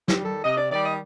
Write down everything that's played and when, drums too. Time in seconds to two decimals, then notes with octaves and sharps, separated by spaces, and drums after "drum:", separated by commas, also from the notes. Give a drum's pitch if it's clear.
0.08 G4, drum: snare
0.16 D#3 G3
0.25 A4
0.44 C3 D#5
0.58 D5
0.71 D#3 G3 D5
0.85 D#5